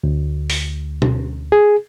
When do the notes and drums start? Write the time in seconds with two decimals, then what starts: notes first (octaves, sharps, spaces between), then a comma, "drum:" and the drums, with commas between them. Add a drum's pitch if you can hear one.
0.04 D2
0.50 drum: open hi-hat
1.02 drum: tom B2
1.52 G#4